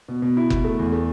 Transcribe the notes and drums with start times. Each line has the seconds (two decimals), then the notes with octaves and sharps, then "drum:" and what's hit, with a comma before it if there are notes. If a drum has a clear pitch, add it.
0.08 B2
0.22 B2
0.37 E4
0.50 B2, drum: kick F#1
0.64 A3
0.79 E2
0.92 A3